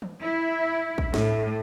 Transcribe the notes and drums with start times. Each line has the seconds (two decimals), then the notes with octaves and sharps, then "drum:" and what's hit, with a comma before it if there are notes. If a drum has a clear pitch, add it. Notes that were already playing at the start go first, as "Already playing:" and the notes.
0.02 drum: tom
0.22 E4
0.98 drum: kick
1.14 A2, drum: snare